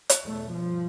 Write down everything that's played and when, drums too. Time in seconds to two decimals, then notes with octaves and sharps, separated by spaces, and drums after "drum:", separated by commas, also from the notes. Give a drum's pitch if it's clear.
0.09 drum: hi-hat
0.24 E2 B2 A3
0.51 G2 F3